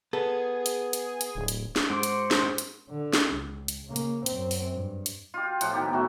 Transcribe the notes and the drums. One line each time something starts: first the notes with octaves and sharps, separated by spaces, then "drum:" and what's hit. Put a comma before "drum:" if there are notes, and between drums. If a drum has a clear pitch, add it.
B3 G#4 A4
drum: hi-hat
drum: hi-hat
drum: hi-hat
D1
drum: hi-hat
drum: snare
G#2 G#3 F#4 C5 C6 D6
drum: hi-hat
drum: snare
drum: hi-hat
D3
drum: snare
C#2
drum: hi-hat
C#3 A#3
drum: hi-hat
F#2 C4, drum: hi-hat
drum: open hi-hat
G2
drum: hi-hat
F4 G4
A2 F3 F#5 G5, drum: hi-hat
B2 D#3 A#3 G4
A2 E3 A3 F#4